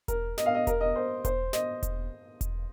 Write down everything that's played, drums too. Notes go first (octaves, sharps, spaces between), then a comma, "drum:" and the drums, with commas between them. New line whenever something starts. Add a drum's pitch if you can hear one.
A#4, drum: kick E1, hi-hat
D#5, drum: snare
F5
D#5
A#4, drum: kick E1, hi-hat
D#5
C5
C5, drum: kick E1, hi-hat
D#5, drum: snare
drum: kick E1, hi-hat
drum: kick E1, hi-hat